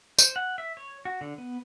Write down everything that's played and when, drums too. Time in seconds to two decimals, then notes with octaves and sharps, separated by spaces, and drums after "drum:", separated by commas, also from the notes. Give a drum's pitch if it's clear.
0.19 C5, drum: tambourine
0.36 F#5
0.58 E5
0.77 C#5
1.05 F#4
1.21 D3
1.38 B3